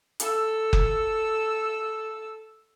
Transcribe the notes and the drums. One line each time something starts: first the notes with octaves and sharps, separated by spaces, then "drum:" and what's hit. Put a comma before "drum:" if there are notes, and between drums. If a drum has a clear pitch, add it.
A4 E6, drum: hi-hat
drum: kick F#1